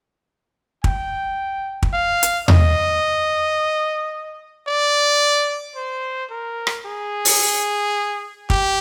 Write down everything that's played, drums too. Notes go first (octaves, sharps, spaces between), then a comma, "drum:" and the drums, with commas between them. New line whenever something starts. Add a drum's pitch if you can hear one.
G5, drum: kick
drum: kick
F5
drum: hi-hat
D#5, drum: tom E2
D5
C5
A#4
drum: rim click
G#4
drum: open hi-hat
G4, drum: kick